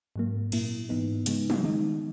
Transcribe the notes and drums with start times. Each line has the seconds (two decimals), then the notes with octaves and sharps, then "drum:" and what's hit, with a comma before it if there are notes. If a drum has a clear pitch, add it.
0.16 G#2 F#3 A#3
0.52 A#2 A#3 E4, drum: cymbal
0.89 G#2 E3 B3 D#4
1.26 C#3 G#3 B3 D#4, drum: hi-hat
1.50 drum: tom
1.63 D#3 G#3 D#4